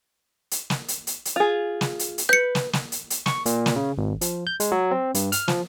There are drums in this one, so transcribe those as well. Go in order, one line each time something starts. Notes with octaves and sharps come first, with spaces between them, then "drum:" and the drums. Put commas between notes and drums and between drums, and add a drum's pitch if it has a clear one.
drum: hi-hat
drum: snare
drum: hi-hat
drum: hi-hat
drum: hi-hat
F4 G#4
drum: snare
drum: hi-hat
drum: hi-hat
B4 G6 C#7
drum: snare
drum: snare
drum: hi-hat
drum: hi-hat
C#6, drum: snare
A#2, drum: hi-hat
drum: snare
C#3
G#1
F3, drum: hi-hat
G6
G#3, drum: hi-hat
F#3
C4
G2, drum: hi-hat
F6, drum: hi-hat
F3, drum: snare